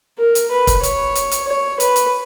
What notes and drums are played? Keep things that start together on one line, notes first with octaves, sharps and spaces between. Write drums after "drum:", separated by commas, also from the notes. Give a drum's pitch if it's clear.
A#4
drum: hi-hat
B4
drum: kick, hi-hat
C#5, drum: hi-hat
drum: hi-hat
drum: hi-hat
C#5
B4, drum: hi-hat
drum: hi-hat